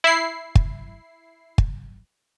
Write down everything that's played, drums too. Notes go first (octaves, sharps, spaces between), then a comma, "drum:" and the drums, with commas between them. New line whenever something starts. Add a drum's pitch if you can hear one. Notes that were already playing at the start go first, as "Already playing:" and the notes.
E4 C7
drum: kick
drum: kick